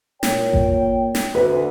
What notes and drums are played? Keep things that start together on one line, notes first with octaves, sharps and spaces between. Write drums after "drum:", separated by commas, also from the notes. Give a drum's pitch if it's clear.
A#2 C#5 G5, drum: snare
drum: kick G#1
drum: snare
D2 B4